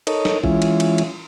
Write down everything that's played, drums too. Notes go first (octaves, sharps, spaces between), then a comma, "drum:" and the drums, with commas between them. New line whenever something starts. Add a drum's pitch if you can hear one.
D#4 A4 A#4 C#5 D#5, drum: cymbal
drum: snare
E3 G#3 C#4 E4 F4, drum: kick A1
drum: cymbal
drum: cymbal
drum: cymbal